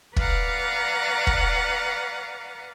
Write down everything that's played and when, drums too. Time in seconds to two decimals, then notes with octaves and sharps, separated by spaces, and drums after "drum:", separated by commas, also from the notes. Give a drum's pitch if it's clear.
0.16 B4 D5 F5 F#5 A#5, drum: kick
1.27 drum: kick